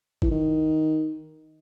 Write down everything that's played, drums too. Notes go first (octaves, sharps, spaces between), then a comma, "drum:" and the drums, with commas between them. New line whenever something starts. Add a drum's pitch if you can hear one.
E3, drum: kick G1
D#3